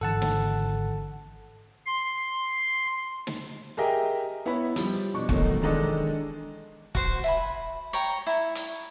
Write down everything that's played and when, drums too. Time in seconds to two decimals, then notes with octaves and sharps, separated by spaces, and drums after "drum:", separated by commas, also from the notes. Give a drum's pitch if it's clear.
0.01 G#1 D3 E3 A4 F#5 A5
0.22 drum: snare
1.86 C6
3.27 drum: snare
3.77 G4 G#4 A#4 D#5 E5 G5
4.46 B3 E4 B4 C#5 B5
4.76 F3 G3, drum: hi-hat
5.14 B2 D4 C#6
5.29 B2 D#3 F3 F#3 A3, drum: kick
5.62 D#3 E3 G#3 D4 A4 D#5
6.95 F#4 C5, drum: kick
7.24 E5 G#5 B5
7.93 C#5 G5 A#5
8.27 E4
8.55 drum: hi-hat